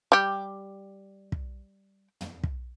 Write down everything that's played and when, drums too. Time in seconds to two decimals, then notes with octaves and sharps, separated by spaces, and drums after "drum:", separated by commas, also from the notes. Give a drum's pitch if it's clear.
0.12 G3 G4
1.32 drum: kick
2.21 drum: tom
2.43 drum: kick